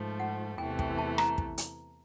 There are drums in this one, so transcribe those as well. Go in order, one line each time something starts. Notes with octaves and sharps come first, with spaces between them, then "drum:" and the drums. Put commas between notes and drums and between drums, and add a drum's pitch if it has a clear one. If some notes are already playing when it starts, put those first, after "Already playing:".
Already playing: G#2 F3 A3
F#5
E2 C3 E3 A3 G5
G5, drum: kick
A5
A#5, drum: rim click
drum: kick
drum: hi-hat